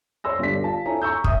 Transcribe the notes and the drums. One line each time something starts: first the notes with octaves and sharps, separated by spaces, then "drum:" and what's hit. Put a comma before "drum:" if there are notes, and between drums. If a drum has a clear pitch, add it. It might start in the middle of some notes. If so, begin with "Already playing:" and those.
C#5 C6 E6 A#6
G1 G2 G4 A4 D5 B6
F4 A5
E4 A4 C#5 G#5 A#5
A#5 C#6 E6 G6
E5 D#6, drum: kick